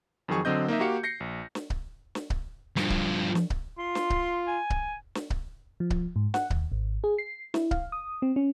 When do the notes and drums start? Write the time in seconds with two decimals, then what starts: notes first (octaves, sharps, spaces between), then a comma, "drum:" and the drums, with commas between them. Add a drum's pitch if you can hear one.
0.28 F2 D#3 F#3 G#4 C#6
0.45 D3 F#3 C4 D#5 G6
0.68 A#3 D#4 D#5 E5
0.80 A#3 F#4 G4 F5 C#7
1.03 G6 A#6 C7 C#7
1.20 A#1
1.55 drum: snare
1.70 drum: kick C#1
2.15 drum: snare
2.30 drum: kick C#1
2.77 G2 F3, drum: snare
2.90 drum: kick C#1
3.35 drum: snare
3.50 drum: kick C#1
3.78 F4 C6
3.95 drum: snare
4.10 drum: kick C#1
4.47 G#5
4.70 drum: kick C#1
5.15 drum: snare
5.30 drum: kick C#1
5.80 F3
5.90 drum: kick C#1
6.16 G#2
6.34 F#5, drum: snare
6.50 D#2, drum: kick C#1
6.72 G#1
7.04 G#4
7.18 C7
7.54 E4, drum: snare
7.71 F5, drum: kick C#1
7.92 D#6
8.22 C4
8.36 C#4